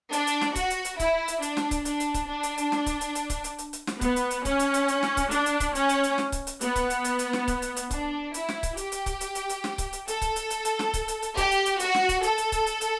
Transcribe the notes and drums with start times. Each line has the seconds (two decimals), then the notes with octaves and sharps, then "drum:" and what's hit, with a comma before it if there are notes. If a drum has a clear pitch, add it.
0.12 D4, drum: hi-hat
0.27 drum: hi-hat
0.41 drum: snare
0.55 F#4, drum: kick C#1, hi-hat
0.70 drum: hi-hat
0.85 drum: hi-hat
0.99 E4, drum: kick C#1, hi-hat
1.28 drum: hi-hat
1.42 D4, drum: hi-hat
1.57 drum: snare
1.71 drum: kick C#1, hi-hat
1.85 D4, drum: hi-hat
2.00 drum: hi-hat
2.14 drum: kick C#1, hi-hat
2.29 D4
2.43 drum: hi-hat
2.58 drum: hi-hat
2.72 drum: snare
2.86 drum: kick C#1, hi-hat
3.01 drum: hi-hat
3.15 drum: hi-hat
3.30 drum: kick C#1, hi-hat
3.44 drum: hi-hat
3.58 drum: hi-hat
3.73 drum: hi-hat
3.87 drum: snare
4.01 B3, drum: kick C#1, hi-hat
4.16 drum: hi-hat
4.31 drum: hi-hat
4.45 C#4, drum: kick C#1, hi-hat
4.59 drum: hi-hat
4.74 drum: hi-hat
4.88 drum: hi-hat
5.03 drum: snare
5.17 drum: kick C#1, hi-hat
5.31 D4, drum: hi-hat
5.46 drum: hi-hat
5.60 drum: kick C#1, hi-hat
5.75 C#4, drum: hi-hat
5.89 drum: hi-hat
6.03 drum: hi-hat
6.18 drum: snare
6.32 drum: kick C#1, hi-hat
6.47 drum: hi-hat
6.61 B3, drum: hi-hat
6.76 drum: kick C#1, hi-hat
6.90 drum: hi-hat
7.04 drum: hi-hat
7.19 drum: hi-hat
7.33 drum: snare
7.48 drum: kick C#1, hi-hat
7.62 drum: hi-hat
7.76 drum: hi-hat
7.91 D4, drum: kick C#1, hi-hat
8.34 E4, drum: hi-hat
8.49 drum: snare
8.63 drum: kick C#1, hi-hat
8.77 G4, drum: hi-hat
8.92 drum: hi-hat
9.06 drum: kick C#1, hi-hat
9.21 drum: hi-hat
9.35 drum: hi-hat
9.49 drum: hi-hat
9.64 drum: snare
9.78 drum: kick C#1, hi-hat
9.93 drum: hi-hat
10.08 A4, drum: hi-hat
10.21 drum: kick C#1, hi-hat
10.36 drum: hi-hat
10.50 drum: hi-hat
10.65 drum: hi-hat
10.79 drum: snare
10.94 drum: kick C#1, hi-hat
11.08 drum: hi-hat
11.22 drum: hi-hat
11.37 G4, drum: kick C#1, hi-hat
11.51 drum: hi-hat
11.66 drum: hi-hat
11.80 F#4, drum: hi-hat
11.94 drum: snare
12.09 drum: kick C#1, hi-hat
12.23 A4, drum: hi-hat
12.38 drum: hi-hat
12.52 drum: kick C#1, hi-hat
12.67 drum: hi-hat
12.81 drum: hi-hat